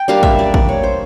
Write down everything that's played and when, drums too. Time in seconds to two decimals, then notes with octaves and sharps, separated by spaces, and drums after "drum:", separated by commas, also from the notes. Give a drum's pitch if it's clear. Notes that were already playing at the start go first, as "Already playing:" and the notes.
Already playing: G5
0.08 G3 A#3 D4 F5
0.23 E5, drum: kick
0.39 D5
0.54 D5, drum: kick
0.69 C#5
0.84 C5